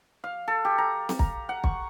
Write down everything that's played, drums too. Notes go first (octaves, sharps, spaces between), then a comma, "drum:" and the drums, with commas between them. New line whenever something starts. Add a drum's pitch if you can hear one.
F5
A4
G4
A#5
drum: snare C4
A#5, drum: kick
F#5
C#6, drum: kick